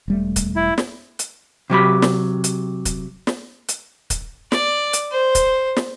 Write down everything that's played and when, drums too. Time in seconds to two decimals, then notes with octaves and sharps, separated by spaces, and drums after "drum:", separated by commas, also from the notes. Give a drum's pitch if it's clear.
0.08 E1 G3 A3
0.36 drum: kick, hi-hat
0.56 E4
0.78 drum: snare
1.19 drum: hi-hat
1.70 C3 F#3 G4 B5
2.02 drum: snare
2.44 drum: hi-hat
2.85 drum: kick, hi-hat
3.27 drum: snare
3.69 drum: hi-hat
4.10 drum: kick, hi-hat
4.52 D5, drum: snare
4.93 drum: hi-hat
5.12 C5
5.35 drum: kick, hi-hat
5.76 drum: snare